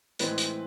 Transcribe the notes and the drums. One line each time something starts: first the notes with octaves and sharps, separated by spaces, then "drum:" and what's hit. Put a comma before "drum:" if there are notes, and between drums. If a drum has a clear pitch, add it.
A2 E3 G#3 C4 B4, drum: hi-hat
drum: hi-hat